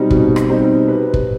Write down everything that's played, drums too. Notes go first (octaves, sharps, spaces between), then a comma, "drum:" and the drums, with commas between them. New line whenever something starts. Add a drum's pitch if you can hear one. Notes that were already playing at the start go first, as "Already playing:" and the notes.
Already playing: B2 G3 C4 D#4
B2, drum: kick
drum: rim click
G3 C4 D#4
C3 B4
drum: kick